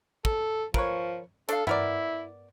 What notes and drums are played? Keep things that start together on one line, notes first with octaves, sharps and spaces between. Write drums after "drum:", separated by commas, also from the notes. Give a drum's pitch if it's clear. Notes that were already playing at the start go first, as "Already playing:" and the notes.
A4, drum: kick
F3 A#4 B4 C#5, drum: kick
D4 A4 F5, drum: hi-hat
B3 E4 A#4 D5, drum: tom G2